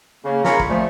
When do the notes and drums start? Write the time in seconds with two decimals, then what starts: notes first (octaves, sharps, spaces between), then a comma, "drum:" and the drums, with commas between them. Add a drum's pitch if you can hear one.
0.25 C#3 A#3
0.44 F4 G#4 A#4 A#5 B5 C#6, drum: snare
0.60 drum: kick
0.69 A#2 F3 A3